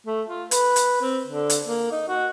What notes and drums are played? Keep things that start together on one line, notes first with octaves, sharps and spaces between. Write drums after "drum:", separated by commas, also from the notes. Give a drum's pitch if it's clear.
A3
F4
B4, drum: hi-hat
drum: hi-hat
C4
D3
drum: hi-hat
A#3
D#4
F#4